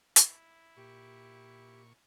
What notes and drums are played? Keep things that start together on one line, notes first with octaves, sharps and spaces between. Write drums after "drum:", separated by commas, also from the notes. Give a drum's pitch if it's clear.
E4, drum: hi-hat
A#2 G4 C#6